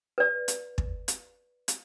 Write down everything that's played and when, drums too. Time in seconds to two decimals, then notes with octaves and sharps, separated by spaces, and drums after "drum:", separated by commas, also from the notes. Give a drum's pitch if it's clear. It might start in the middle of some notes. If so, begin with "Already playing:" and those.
0.18 B4 D5
0.48 drum: hi-hat
0.78 drum: kick
1.08 drum: hi-hat
1.68 drum: hi-hat